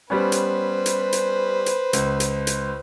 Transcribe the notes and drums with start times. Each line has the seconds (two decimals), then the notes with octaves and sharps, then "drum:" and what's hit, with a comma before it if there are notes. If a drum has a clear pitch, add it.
0.10 G3 B3 C#4 B4 C5
0.32 drum: hi-hat
0.86 drum: hi-hat
1.13 drum: hi-hat
1.66 drum: hi-hat
1.93 C#2, drum: hi-hat
2.20 drum: hi-hat
2.47 drum: hi-hat